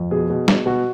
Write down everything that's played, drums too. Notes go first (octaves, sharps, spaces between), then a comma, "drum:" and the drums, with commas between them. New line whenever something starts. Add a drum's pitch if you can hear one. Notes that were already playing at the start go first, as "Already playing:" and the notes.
Already playing: F2
B2 G#4
B2
B2, drum: snare
B2 F#4